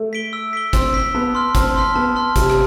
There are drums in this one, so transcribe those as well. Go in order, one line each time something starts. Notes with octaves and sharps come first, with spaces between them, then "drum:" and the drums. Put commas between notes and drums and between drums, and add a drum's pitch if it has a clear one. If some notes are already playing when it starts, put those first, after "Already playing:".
Already playing: A3
B6 D7 G7
E6
B6 D7 G7
C4 E6, drum: kick, hi-hat
B6 D7 G7
B3 A5
C6 F6 B6
C4 A5, drum: kick, hi-hat
C6 F6 B6
B3 A5
C6 F6 B6
C3 A5, drum: kick, hi-hat
drum: rim click